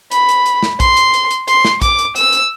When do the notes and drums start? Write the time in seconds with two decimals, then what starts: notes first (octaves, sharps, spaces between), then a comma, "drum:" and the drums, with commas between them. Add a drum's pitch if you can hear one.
0.11 B5, drum: hi-hat
0.29 drum: hi-hat
0.46 drum: hi-hat
0.63 drum: snare
0.80 C6, drum: kick A#1, hi-hat
0.97 drum: hi-hat
1.14 drum: hi-hat
1.31 drum: hi-hat
1.48 C6, drum: hi-hat
1.65 drum: snare
1.82 D6, drum: kick A#1, hi-hat
1.99 drum: hi-hat
2.16 E6, drum: hi-hat
2.33 drum: hi-hat